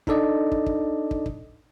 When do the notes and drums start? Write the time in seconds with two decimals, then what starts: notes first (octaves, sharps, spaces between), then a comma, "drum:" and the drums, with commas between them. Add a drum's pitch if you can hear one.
0.07 D4 D#4 A4 D5 D#5, drum: kick
0.52 drum: kick
0.66 drum: kick
1.11 drum: kick
1.26 drum: kick